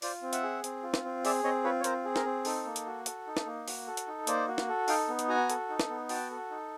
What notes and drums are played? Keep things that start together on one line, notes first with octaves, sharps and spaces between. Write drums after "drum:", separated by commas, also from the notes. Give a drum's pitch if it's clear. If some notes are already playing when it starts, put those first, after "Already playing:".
F4 C5 D5, drum: open hi-hat
C4
E5 F#5, drum: hi-hat
G#4
C4, drum: hi-hat
F4
drum: snare
C4
G#4 D5 E5, drum: open hi-hat
C4 C#5 D#5
F4 B4 C#5
C#5
C4 A#4 C5, drum: hi-hat
G#4
A#4, drum: snare
C4
D#4 A4, drum: open hi-hat
A#3
drum: hi-hat
F#4
A4, drum: hi-hat
D#4
drum: snare
A#3
F#4, drum: open hi-hat
A4
drum: hi-hat
D#4
A#3 C5 D5, drum: hi-hat
F#4
drum: snare
A4
D#4 F5 G5, drum: open hi-hat
B3
drum: hi-hat
F#4 G#5 A#5
A4, drum: hi-hat
D#4
drum: snare
B3
F#4 G5 A5, drum: open hi-hat
A4
D#4